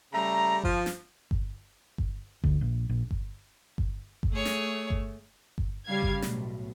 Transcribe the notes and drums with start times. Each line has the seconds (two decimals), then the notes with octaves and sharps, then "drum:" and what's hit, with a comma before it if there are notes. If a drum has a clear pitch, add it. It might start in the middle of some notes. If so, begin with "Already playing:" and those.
0.13 C#3 G3 A3 A#5
0.64 F3, drum: kick G1
0.86 drum: snare
1.31 drum: kick G1
1.98 drum: kick G1
2.44 D2, drum: kick G1
2.61 A#1
2.89 A#1
3.11 drum: kick G1
3.78 drum: kick G1
4.23 drum: kick G1
4.33 A3 G#4 C#5
4.45 drum: snare
4.90 drum: kick G1
5.58 drum: kick G1
5.86 C#3 G3 F5 G#6
6.03 drum: kick G1
6.22 B1 A2, drum: snare